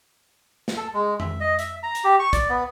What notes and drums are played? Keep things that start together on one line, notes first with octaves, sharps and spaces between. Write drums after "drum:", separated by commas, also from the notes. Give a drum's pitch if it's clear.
drum: snare
A4
G#3
E5, drum: tom F2
D#5
E5, drum: hi-hat
A#5
drum: hi-hat
G4
C#6
D5, drum: kick, hi-hat
B3